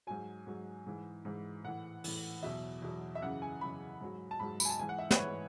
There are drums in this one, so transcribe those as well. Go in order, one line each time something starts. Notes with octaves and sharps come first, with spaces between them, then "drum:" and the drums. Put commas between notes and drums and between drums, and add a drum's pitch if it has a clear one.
G#2 F#3 G#5
G#2 F#3
G#2 E3
G#2 E3
A2 E3 F#5
A2 E3, drum: open hi-hat
E2 B2 F#3 E5
E2 B2 F#3
E5
F#2 C#3 E3 F#5
G#5
F#2 C#3 E3 B5
G#2 F#3
A5
G#2 F#3 B5
B5, drum: tambourine
G#5
A5
G#2 E3 G#5
F#5
E5
B4, drum: snare
G#2 E3 C#5